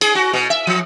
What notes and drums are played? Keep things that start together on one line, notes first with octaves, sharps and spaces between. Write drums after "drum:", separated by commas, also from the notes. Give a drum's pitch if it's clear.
G#4, drum: cymbal
F#4
B2
E5
F3